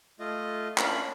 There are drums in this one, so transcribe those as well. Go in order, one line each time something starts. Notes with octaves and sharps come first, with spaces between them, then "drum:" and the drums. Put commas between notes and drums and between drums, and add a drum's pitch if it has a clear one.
A3 F4 D#5
A#3 C#4 D4 F4 B5, drum: clap